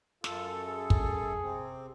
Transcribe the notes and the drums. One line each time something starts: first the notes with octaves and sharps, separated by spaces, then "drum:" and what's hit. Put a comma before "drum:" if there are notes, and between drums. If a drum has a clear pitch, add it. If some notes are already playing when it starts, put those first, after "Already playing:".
F#2 F4 A4, drum: snare
G#4
drum: kick
C3 C4